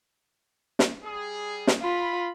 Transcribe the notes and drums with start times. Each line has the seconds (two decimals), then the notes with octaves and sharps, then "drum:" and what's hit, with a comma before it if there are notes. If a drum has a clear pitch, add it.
0.79 drum: snare
1.03 G3 G#4
1.67 drum: snare
1.82 F4 B5